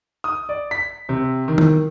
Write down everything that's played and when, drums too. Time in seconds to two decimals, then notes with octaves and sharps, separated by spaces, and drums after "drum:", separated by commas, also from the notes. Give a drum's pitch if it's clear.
0.24 D#6
0.49 D5
0.71 B6
1.09 C3
1.48 D#3
1.58 drum: tom D#3